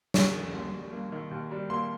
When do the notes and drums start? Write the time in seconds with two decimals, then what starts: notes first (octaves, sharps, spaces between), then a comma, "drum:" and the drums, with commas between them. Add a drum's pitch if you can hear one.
0.14 A#3 C#6, drum: snare
0.34 D#3
0.53 D#2
0.74 G3
0.92 A#3
1.12 D#3
1.31 D#2
1.51 G3
1.70 A#3 C6